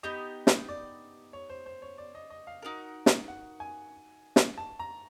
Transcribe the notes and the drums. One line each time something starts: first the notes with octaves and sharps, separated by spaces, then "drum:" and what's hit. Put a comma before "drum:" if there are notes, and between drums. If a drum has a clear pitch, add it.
B3 D#4 G4 D#5
drum: snare
D5
C#5
C5
C5
C#5
D5
D#5
D#5
F5
D#4 F#4 A#4
drum: snare
F#5
G#5
drum: snare
A5
A#5